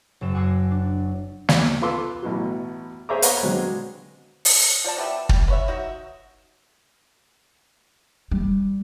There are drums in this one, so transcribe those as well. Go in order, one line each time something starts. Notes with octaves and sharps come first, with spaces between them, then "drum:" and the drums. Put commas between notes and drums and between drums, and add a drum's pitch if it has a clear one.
F#1 F#2 E7
F#5 G#5 D6 E6 A#6 C7
D4
D#2, drum: snare
F4 A4 B4 C6 D6 E6
A1 B2 F#3
G#4 C5 C#5 E5 A#5 D6
B4 C#5 F5 F#5 A#5, drum: hi-hat
D3 F#3 G#3 C4
drum: open hi-hat
F3 D5 A5
B3 G4 B4 E5
G3, drum: kick
B4 C#5 E5
D#4 F#4 E5
G3